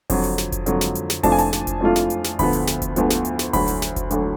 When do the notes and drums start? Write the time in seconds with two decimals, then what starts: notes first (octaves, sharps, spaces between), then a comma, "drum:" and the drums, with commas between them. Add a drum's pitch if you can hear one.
0.10 F2 D3 F#3, drum: kick F1, open hi-hat
0.24 drum: hi-hat
0.38 drum: snare
0.52 drum: kick F1, hi-hat
0.66 F2 D3 F#3, drum: hi-hat
0.81 drum: snare
0.95 drum: hi-hat
1.10 drum: snare
1.23 F2 F3 A3 D4 F4 A5, drum: kick F1, open hi-hat
1.32 G#5
1.38 A5, drum: hi-hat
1.53 drum: snare
1.67 drum: kick F1, hi-hat
1.81 F2 F3 A3 D4 F4
1.96 drum: snare
2.10 drum: hi-hat
2.24 drum: snare
2.39 D2 D3 F3 B3 B5, drum: kick F1, open hi-hat
2.53 drum: hi-hat
2.67 drum: snare
2.82 drum: kick F1, hi-hat
2.96 D2 D3 F3 B3, drum: hi-hat
3.10 drum: snare
3.25 drum: hi-hat
3.39 drum: snare
3.53 D2 D3 F#3 B5, drum: kick F1, open hi-hat
3.68 drum: hi-hat
3.82 drum: snare
3.96 drum: kick F1, hi-hat
4.11 D2 D3 F#3, drum: hi-hat